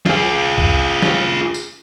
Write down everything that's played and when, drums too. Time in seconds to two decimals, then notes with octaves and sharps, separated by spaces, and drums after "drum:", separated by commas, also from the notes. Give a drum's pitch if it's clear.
0.06 F4 G#4, drum: snare
0.58 drum: kick C2
1.02 drum: snare
1.54 drum: tambourine